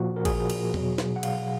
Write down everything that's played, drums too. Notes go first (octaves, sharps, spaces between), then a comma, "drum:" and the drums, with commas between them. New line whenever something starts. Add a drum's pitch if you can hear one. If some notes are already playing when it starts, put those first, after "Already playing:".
Already playing: A#2 F3 F#4
A#4
G#4, drum: kick, cymbal
drum: cymbal
B2 F#3, drum: tom E2
drum: snare
F#5
F5, drum: cymbal